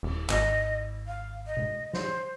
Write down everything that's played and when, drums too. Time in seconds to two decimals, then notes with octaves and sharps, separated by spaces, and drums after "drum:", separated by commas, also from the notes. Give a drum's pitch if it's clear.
0.03 D#1, drum: cymbal
0.29 G#1 D#5, drum: clap
1.07 F5
1.47 D#5
1.57 drum: tom B2
1.93 C5, drum: snare